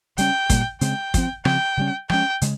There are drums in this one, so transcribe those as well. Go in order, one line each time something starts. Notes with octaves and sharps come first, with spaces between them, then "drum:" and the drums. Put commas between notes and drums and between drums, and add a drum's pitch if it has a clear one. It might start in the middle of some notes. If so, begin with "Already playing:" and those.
C#3 G3 C#4 G5, drum: hi-hat
A#2 G3 A#3, drum: kick, hi-hat
C#3 G#3 C4 G5, drum: hi-hat
F3 C4, drum: kick, hi-hat
C#3 F3 C4 G5, drum: rim click
C#3 G3 C#4
F3 G#3 C#4 G5, drum: rim click
C#3 G#3, drum: hi-hat